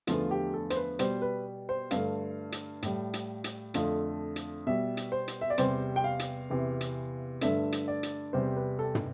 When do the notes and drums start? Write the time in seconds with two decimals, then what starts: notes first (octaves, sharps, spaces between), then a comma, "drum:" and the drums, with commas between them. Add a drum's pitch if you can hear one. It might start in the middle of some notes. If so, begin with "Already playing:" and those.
0.07 E2 D3 F3 A3 F4, drum: hi-hat
0.31 G4
0.54 A4
0.70 C5, drum: hi-hat
0.77 B4
0.99 B2 G3 C5, drum: hi-hat
1.22 B4
1.69 C5
1.91 G2 D3 A3 F5, drum: hi-hat
2.52 drum: hi-hat
2.83 A2 G3, drum: hi-hat
3.14 drum: hi-hat
3.44 drum: hi-hat
3.74 F2 D3 F3 A3, drum: hi-hat
4.36 drum: hi-hat
4.66 B2 G3 E5
4.97 drum: hi-hat
5.12 C5
5.28 drum: hi-hat
5.41 E5
5.50 D5
5.58 E2 C3 G3 C5, drum: hi-hat
5.96 G5
6.04 F5
6.19 drum: hi-hat
6.50 E2 C3 E3
6.81 drum: hi-hat
7.41 G2 D3 A3 E5, drum: hi-hat
7.72 drum: hi-hat
7.88 D5
8.03 drum: hi-hat
8.33 E2 C3 G3 C5
8.57 B4
8.79 A4
8.95 drum: tom